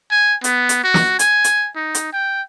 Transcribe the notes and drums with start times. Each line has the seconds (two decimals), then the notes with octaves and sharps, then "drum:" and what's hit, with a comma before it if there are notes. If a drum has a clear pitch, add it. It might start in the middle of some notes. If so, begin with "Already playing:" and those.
0.11 G#5
0.44 B3, drum: hi-hat
0.69 drum: hi-hat
0.84 F#4
0.94 drum: snare
1.19 G#5, drum: hi-hat
1.44 drum: hi-hat
1.76 D#4
1.95 drum: hi-hat
2.13 G5